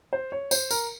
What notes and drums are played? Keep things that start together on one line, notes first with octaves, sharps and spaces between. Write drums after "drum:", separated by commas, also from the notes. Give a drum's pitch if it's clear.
C5
C#5
C5, drum: tambourine
A#4, drum: tambourine